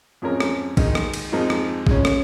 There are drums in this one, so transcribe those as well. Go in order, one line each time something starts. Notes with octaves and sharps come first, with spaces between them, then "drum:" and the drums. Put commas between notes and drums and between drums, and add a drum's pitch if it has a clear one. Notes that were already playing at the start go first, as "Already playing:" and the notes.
F2 F3 G#3 C#4 A#4
drum: rim click
D#3 G#3 D#4, drum: kick, cymbal
drum: rim click
drum: cymbal
F2 F3 G#3 D#4 A#4
drum: rim click
C#3 G#3 C#4, drum: kick
drum: rim click